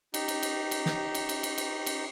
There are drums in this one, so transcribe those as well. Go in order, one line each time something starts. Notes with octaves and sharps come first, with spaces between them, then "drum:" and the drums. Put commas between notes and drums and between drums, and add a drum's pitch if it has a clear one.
D#4 G4 A#5, drum: cymbal
drum: cymbal
drum: cymbal
drum: cymbal
drum: snare
drum: cymbal
drum: cymbal
drum: cymbal
drum: cymbal
drum: cymbal